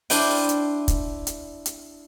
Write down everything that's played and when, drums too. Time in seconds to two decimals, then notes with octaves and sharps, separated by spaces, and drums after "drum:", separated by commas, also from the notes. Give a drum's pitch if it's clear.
0.10 D4 E4 C5 G5, drum: open hi-hat
0.49 drum: hi-hat
0.88 drum: kick, hi-hat
1.27 drum: hi-hat
1.66 drum: hi-hat